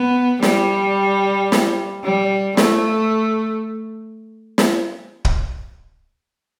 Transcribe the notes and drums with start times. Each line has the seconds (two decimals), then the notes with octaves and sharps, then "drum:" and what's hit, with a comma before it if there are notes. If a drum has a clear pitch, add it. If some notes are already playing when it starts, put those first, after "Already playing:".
Already playing: B3
0.43 G3, drum: snare
1.52 drum: snare
2.04 G3
2.57 A3, drum: snare
4.58 drum: snare
5.25 drum: kick